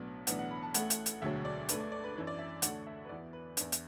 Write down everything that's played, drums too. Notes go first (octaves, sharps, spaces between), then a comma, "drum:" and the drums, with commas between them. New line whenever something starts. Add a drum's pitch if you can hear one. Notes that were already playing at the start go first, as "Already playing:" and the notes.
Already playing: B1 A2 F#3 B3 D4
B1 A2 E3 B3 D4 F#5, drum: hi-hat
F#5
B5
A5
A1 A2 A3 F#5, drum: hi-hat
drum: hi-hat
drum: hi-hat
E1 D2 D3 F#3 E5
D5
D2 D3 A3 D4 B4, drum: hi-hat
D5
D5
B4
F#2 E3 D4 B4
D5
E5
D2 D3 A3 D4 F#5, drum: hi-hat
E5
B4
E2 E3 B3 D5
B4
E2 E3 B3 D4, drum: hi-hat
drum: hi-hat